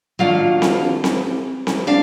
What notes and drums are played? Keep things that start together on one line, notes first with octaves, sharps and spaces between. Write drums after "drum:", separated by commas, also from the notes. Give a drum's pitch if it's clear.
D#3 F#3 A#3 D4 F4 F5
drum: snare C4
drum: snare C4
drum: snare C4
D4 F5